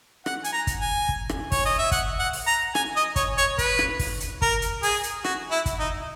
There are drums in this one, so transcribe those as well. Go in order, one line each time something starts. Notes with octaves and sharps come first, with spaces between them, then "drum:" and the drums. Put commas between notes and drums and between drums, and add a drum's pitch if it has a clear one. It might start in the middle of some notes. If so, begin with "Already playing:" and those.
F#5, drum: rim click
G#5, drum: hi-hat
A#5
drum: kick, hi-hat
G#5
drum: kick
drum: rim click
C#5, drum: kick, open hi-hat
D#5
E5
F#5, drum: kick, hi-hat
F#5
drum: open hi-hat
A#5
G#5, drum: rim click
D#5
C#5, drum: kick, hi-hat
C#5, drum: hi-hat
B4, drum: kick, hi-hat
drum: rim click
drum: kick, open hi-hat
drum: hi-hat
A#4, drum: kick
drum: hi-hat
G#4, drum: open hi-hat
drum: hi-hat
F#4, drum: rim click
E4
drum: kick, hi-hat
D#4